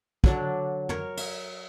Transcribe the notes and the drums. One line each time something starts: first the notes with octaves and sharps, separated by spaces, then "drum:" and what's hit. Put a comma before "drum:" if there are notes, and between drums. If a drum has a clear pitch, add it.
D3 F#3 D4, drum: kick
A#4 C#5, drum: tom
E5, drum: cymbal